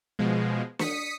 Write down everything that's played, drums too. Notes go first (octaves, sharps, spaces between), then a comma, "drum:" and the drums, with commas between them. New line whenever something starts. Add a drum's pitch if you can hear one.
B2 F3 G#3
D#6 B6 C#7, drum: snare